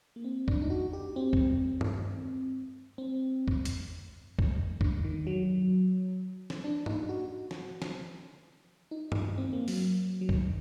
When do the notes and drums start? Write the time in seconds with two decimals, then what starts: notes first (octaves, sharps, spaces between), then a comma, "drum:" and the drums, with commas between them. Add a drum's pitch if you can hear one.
0.16 A#3
0.24 C4
0.48 D4, drum: kick
0.62 D#4
0.70 F#4
0.93 G4
1.16 C4
1.33 drum: kick
1.81 drum: tom G2
2.98 C4
3.48 drum: kick
3.65 drum: hi-hat
4.39 drum: kick
4.81 D3, drum: kick
5.04 D#3
5.27 F#3
6.50 drum: snare
6.64 D4
6.86 D#4, drum: tom G#2
7.09 F#4
7.51 drum: snare
7.82 drum: snare
8.91 D#4
9.12 drum: tom G2
9.38 C4
9.53 A#3
9.68 F#3, drum: open hi-hat
10.21 F#3
10.29 D#3, drum: kick